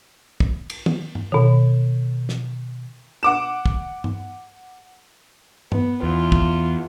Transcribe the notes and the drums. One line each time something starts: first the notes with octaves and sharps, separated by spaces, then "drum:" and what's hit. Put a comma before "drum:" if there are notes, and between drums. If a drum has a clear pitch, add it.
drum: kick
drum: cymbal
drum: tom
drum: tom G2
B2 D#3
drum: snare
F#5 D6 E7
drum: kick
drum: tom G2
B3, drum: tom G2
E2 F4
drum: kick